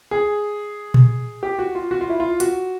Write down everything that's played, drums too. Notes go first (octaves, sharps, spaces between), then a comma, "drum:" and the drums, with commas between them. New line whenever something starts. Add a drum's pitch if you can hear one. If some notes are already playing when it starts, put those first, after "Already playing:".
G#4
drum: tom A#2
G4
F#4
F4
F#4
F4
E4
F4
F#4, drum: hi-hat